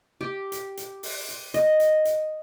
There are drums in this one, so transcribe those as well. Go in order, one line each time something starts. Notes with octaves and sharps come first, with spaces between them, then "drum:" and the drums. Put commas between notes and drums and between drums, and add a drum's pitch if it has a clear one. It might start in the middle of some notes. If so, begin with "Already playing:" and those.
G4
drum: hi-hat
drum: hi-hat
drum: open hi-hat
drum: hi-hat
D#5, drum: hi-hat
drum: hi-hat
drum: hi-hat